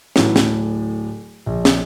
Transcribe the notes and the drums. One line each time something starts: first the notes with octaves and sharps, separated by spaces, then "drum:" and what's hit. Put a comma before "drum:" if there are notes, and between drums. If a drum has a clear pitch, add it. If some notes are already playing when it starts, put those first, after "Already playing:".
A2 E3 F#3, drum: snare
D1 A2, drum: snare
A#1
drum: snare